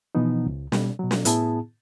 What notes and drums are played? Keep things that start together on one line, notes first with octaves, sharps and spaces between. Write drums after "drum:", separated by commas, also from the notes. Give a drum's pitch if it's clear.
B2 E3 F3 B3 D#4
C#2
B2 G3, drum: snare
B2 F#3
drum: snare
A2 B3 E4 G#4 A5, drum: hi-hat